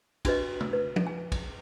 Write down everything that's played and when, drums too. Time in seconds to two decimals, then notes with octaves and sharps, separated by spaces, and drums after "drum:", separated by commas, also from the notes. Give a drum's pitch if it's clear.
0.25 D4 F#4 G4 B4 D#5, drum: kick, cymbal
0.60 drum: tom
0.73 B4
0.96 drum: tom
1.07 G#5
1.32 drum: kick, cymbal